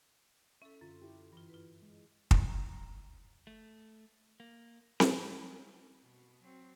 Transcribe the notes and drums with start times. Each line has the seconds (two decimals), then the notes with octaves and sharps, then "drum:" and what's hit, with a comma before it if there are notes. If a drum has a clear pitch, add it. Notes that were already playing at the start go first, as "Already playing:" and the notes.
0.62 C#4 A4 E5
0.81 F#2 D3 F4
1.02 E4 G4
1.33 G2 E3 F4
1.50 F4 B4
1.82 G#3
2.31 drum: kick
2.42 A#5
3.47 A3
4.40 A#3
5.00 G#2, drum: snare C4
6.03 B2
6.41 F#3 C4